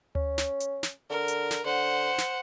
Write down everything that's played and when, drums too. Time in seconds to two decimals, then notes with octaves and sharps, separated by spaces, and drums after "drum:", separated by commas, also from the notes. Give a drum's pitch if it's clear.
0.15 C#4, drum: tom D2
0.38 drum: snare
0.60 drum: hi-hat
0.83 drum: snare
1.10 D3 A#4
1.28 drum: hi-hat
1.51 drum: snare
1.65 D3 C5 F#5
2.18 drum: snare